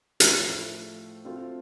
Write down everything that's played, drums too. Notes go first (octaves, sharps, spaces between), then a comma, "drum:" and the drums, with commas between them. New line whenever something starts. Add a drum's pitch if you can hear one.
A2 F3 A3, drum: hi-hat
A3 C4 F4 A4